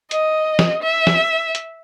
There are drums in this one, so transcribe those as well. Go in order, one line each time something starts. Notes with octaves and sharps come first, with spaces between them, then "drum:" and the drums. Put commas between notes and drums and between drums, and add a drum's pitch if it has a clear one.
D#5, drum: hi-hat
drum: snare
E5
drum: snare
drum: hi-hat